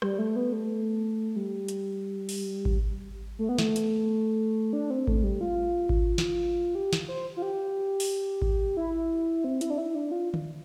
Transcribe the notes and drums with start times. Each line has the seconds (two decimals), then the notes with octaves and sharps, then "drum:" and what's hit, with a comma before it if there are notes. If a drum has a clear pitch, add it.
0.02 G3, drum: rim click
0.19 A3
0.36 B3
0.53 A3
1.36 G3
1.68 drum: hi-hat
2.29 drum: open hi-hat
2.65 drum: kick G#1
3.39 A3
3.49 B3
3.58 A3, drum: snare
3.76 drum: hi-hat
4.73 D4
4.90 C4
5.07 A3, drum: kick G#1
5.24 G3
5.41 F4
5.89 drum: kick G#1
6.18 drum: snare
6.75 G4
6.93 drum: snare
7.08 C5
7.37 F4
7.42 G4
8.00 drum: open hi-hat
8.42 drum: kick G#1
8.77 E4
9.44 C4
9.61 E4, drum: hi-hat
9.70 D4
9.78 E4
9.95 D4
10.11 F4
10.34 drum: tom D3